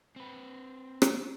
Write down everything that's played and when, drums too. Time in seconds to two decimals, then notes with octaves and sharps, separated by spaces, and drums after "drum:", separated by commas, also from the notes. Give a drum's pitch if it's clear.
0.16 C4 B4
1.02 drum: rim click